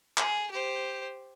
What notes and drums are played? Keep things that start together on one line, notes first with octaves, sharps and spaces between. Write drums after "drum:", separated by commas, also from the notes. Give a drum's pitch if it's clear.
G#4, drum: clap
G4 C5